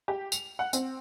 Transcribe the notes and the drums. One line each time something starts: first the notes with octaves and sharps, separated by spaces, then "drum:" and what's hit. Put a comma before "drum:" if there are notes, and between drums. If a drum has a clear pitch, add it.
G4
F7, drum: tambourine
F#5
C4, drum: tambourine